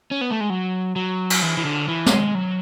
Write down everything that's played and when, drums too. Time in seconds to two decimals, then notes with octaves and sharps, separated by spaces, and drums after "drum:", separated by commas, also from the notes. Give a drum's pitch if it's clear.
0.11 C#4
0.21 B3
0.31 A3
0.41 G#3
0.50 F#3
0.96 F#3
1.30 drum: cymbal
1.42 E3
1.57 E3
1.65 D3
1.88 E3
2.06 A3, drum: snare
2.11 G#3
2.35 F#3